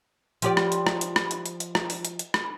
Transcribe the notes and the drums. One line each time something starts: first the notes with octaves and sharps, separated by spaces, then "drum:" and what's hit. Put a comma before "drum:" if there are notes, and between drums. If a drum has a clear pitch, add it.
F3 G4 D5, drum: hi-hat
drum: rim click
drum: hi-hat
drum: rim click
drum: hi-hat
drum: rim click
drum: hi-hat
drum: hi-hat
drum: hi-hat
drum: rim click
drum: open hi-hat
drum: hi-hat
drum: hi-hat
drum: rim click